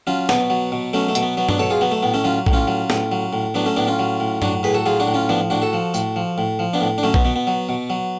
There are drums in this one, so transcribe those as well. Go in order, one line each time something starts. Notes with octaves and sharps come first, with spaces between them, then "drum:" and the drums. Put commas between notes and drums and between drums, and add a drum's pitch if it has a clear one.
F#3 C#4 F4
B2 B3, drum: snare
F#3
B2
F#3 A3 C#4
A3
B2, drum: hi-hat
B3
F#3 B3
B3 D4, drum: tom G2
B2 A4 C#5
F4 G#4
F#3 B3
A3
A2 B3
A3 C#4
F#3 C#4 F4
A2, drum: kick A#1
C#4 F4
F#3
A2, drum: snare
F#3
A2
F#3 B3 D4
A3 C#4
A2 B3 D4
C#4 F4
F#3
A2
F#3 D4 F#4, drum: tom G2
A2 G#4 B4
F#4 A4
F#3 F4 G#4
D4 F#4
A2
C#4 F4
F3 B3 D4
A2 D4 F#4
F#4 A4
F3
A2, drum: tambourine
F3
A2
F3
B3 D4
A2
D4
F#3 A3 C#4
B3, drum: kick A#1
B2 B3
B3
F#3
B2
F#3